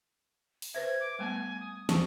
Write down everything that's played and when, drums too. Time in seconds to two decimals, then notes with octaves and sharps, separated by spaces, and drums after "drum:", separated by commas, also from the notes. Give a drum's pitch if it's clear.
0.62 drum: open hi-hat
0.74 B4 C5 E5 G#6
1.00 D6
1.19 G3 A3 B3 G#5
1.60 D#6
1.89 A5 C#6, drum: snare